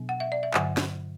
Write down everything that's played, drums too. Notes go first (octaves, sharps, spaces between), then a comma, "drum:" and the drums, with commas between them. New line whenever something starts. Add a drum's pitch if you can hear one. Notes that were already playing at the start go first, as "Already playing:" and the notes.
Already playing: B2 F#3 B3 D4
F#5
E5
D5
E5
G2 D3 F#3 F#5, drum: clap
drum: snare